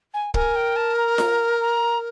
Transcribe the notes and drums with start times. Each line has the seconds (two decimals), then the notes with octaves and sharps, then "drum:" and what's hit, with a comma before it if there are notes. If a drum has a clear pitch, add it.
0.14 G#5
0.34 A#4 G#5, drum: kick
0.55 G5
0.76 A5
0.96 A#5
1.18 A#5, drum: snare F4
1.60 A#5